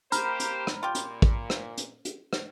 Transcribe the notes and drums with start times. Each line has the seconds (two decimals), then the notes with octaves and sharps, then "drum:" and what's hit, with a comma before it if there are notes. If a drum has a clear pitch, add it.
0.12 A#3 G4 C5 A#5 B5 F6, drum: hi-hat
0.40 drum: hi-hat
0.67 drum: rim click
0.83 A#2 F4 G4
0.95 drum: hi-hat
1.22 drum: kick
1.50 drum: rim click
1.77 drum: hi-hat
2.05 drum: hi-hat
2.33 drum: rim click